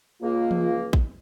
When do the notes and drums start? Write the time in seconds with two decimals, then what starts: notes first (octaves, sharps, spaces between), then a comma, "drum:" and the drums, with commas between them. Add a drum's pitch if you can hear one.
0.22 C#2 A#3 F4
0.51 drum: tom E3
0.93 drum: kick